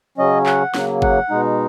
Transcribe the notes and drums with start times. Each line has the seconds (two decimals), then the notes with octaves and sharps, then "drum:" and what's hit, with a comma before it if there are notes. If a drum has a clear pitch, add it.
0.18 C#3 F#3 C#4 D#5
0.46 F#5, drum: clap
0.74 C#3 F#3 A#3, drum: snare
1.02 F#5, drum: kick G1
1.30 B2 G#3 D#4